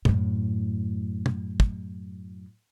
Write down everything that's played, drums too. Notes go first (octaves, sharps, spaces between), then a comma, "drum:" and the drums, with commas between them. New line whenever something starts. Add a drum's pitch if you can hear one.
F#2 A2, drum: tom
drum: tom
drum: kick